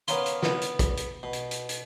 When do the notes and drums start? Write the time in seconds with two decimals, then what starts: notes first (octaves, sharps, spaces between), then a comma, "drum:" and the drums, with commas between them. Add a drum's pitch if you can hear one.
0.08 B3 C#4 A#4 F5 C6, drum: hi-hat
0.26 drum: hi-hat
0.43 B3, drum: snare
0.61 drum: hi-hat
0.79 drum: kick, hi-hat
0.97 drum: hi-hat
1.23 B2
1.33 drum: hi-hat
1.51 drum: hi-hat
1.69 drum: hi-hat